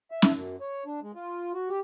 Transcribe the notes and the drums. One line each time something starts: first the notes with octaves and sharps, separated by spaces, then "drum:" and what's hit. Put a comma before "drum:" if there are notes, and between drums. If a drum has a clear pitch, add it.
E5
drum: snare C#4
F#2
C#5
D4
G#3
F4
F#4
G4